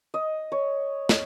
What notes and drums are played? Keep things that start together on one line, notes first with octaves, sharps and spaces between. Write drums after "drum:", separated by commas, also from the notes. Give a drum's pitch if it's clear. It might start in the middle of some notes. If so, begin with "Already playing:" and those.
D#5
C#5
drum: snare